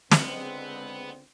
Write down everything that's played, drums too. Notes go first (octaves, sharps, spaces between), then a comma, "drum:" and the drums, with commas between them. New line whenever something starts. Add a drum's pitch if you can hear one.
C#2 D3 G#3 B3 C4, drum: snare